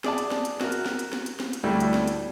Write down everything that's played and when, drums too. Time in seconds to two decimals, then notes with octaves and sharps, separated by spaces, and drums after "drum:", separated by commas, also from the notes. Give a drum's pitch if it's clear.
0.04 G#4 D5 A5, drum: snare
0.18 drum: hi-hat
0.31 drum: snare
0.45 drum: hi-hat
0.61 F#4 A#4, drum: snare
0.72 drum: hi-hat
0.86 drum: snare
0.99 drum: hi-hat
1.13 drum: snare
1.26 drum: hi-hat
1.40 drum: snare
1.53 drum: hi-hat
1.63 D2 A2 G3 A4
1.80 drum: hi-hat
1.94 drum: snare
2.07 drum: hi-hat